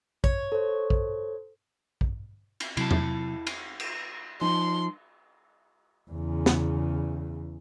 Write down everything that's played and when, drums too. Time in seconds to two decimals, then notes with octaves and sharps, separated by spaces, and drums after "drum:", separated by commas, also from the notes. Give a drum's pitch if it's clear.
0.24 C#5, drum: kick A#1
0.52 A4 C5
0.90 drum: kick A#1
2.01 drum: kick A#1
2.60 drum: cymbal
2.77 C3 F#3 E4 A5, drum: cymbal
2.91 drum: tom E2
3.47 drum: cymbal
3.80 drum: cymbal
4.41 F3 D#4 C6
6.11 E2 C#3
6.46 drum: snare